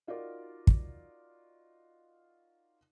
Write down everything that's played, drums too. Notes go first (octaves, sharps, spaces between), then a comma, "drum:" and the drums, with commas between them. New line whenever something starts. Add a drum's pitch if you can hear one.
D#4 F4 F#4 A#4 D5
drum: kick